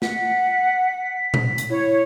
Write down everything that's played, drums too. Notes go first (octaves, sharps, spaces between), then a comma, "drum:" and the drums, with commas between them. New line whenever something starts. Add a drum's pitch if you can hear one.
F#5 B6, drum: snare
drum: tom A#2
drum: hi-hat
E4 C#5